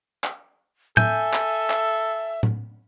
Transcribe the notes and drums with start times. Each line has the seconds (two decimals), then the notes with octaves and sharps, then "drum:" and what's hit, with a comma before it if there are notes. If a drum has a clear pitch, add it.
0.24 drum: clap
0.97 A4 E5 G#5 G6, drum: tom A2
1.34 drum: clap
1.70 drum: clap
2.43 drum: tom A2